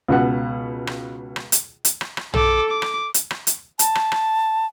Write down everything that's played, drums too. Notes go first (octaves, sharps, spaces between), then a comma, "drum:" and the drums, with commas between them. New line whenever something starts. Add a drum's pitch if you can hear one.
C#2 B2 F#5
drum: rim click
drum: rim click
drum: hi-hat
drum: hi-hat
drum: rim click
drum: rim click
A4 D6, drum: tom
D6
drum: rim click
drum: hi-hat
drum: rim click
drum: hi-hat
A5, drum: hi-hat
drum: rim click
drum: rim click